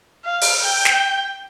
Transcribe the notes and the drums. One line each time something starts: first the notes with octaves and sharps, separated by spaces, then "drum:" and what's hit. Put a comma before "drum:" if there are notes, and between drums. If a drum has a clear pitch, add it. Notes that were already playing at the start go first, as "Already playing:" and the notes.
F5
drum: open hi-hat
G5
drum: snare